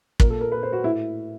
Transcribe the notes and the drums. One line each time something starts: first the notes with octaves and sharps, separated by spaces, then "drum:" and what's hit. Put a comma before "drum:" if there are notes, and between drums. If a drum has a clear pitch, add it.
A#2 A#4, drum: kick
A4
A#4
A#2 B4
C5
F#4
A2 E4